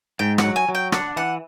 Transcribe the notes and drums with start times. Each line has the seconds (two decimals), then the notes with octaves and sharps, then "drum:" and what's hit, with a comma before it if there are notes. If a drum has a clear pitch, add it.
0.19 G#2 G5
0.38 F#5, drum: rim click
0.44 F#3
0.56 G#5
0.69 F#3
0.75 G5
0.92 D4 F#5, drum: rim click
1.16 E3 F#5